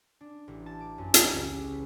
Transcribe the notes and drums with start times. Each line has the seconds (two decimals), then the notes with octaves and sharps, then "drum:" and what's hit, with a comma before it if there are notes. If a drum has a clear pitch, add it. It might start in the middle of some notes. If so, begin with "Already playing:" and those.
0.21 D4
0.48 A1
0.66 A5
0.80 D6
0.98 F#2
1.14 G4, drum: hi-hat
1.33 C#2
1.73 B4